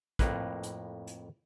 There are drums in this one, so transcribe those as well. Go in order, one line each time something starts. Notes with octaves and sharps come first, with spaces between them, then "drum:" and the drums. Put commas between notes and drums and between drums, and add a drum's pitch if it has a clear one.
F2 A2 A#3 B4, drum: kick, hi-hat
drum: hi-hat
drum: hi-hat